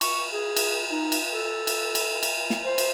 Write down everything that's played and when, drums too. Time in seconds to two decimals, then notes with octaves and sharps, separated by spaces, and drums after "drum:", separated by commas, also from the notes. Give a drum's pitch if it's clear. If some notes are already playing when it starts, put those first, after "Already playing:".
0.01 C#6, drum: cymbal
0.33 G#4
0.56 drum: cymbal
0.90 D#4
1.12 drum: cymbal
1.31 A4
1.67 drum: cymbal
1.95 drum: cymbal
2.23 drum: cymbal
2.50 drum: snare
2.64 C5
2.78 drum: cymbal